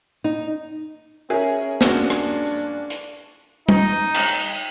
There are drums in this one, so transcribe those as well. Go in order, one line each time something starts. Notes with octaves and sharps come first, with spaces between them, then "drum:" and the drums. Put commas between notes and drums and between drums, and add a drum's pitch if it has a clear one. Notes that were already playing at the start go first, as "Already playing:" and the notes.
D#4
C#4 G#4 A#4 E5
G2 F3 G#3 A#3 C#4 D4 F#4, drum: snare
drum: rim click
drum: hi-hat
D#4, drum: tom G3
drum: cymbal